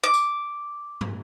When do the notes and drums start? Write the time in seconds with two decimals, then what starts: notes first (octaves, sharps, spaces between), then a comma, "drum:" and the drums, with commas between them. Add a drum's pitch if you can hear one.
0.04 D6
0.14 drum: tambourine
1.01 drum: tom